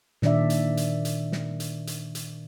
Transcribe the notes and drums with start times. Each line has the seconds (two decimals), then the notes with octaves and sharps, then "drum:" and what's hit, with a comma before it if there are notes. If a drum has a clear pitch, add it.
0.22 A#2 D#3 D4 D5 E5, drum: snare
0.50 drum: hi-hat
0.77 drum: hi-hat
1.05 drum: hi-hat
1.32 drum: snare
1.60 drum: hi-hat
1.87 drum: hi-hat
2.15 drum: hi-hat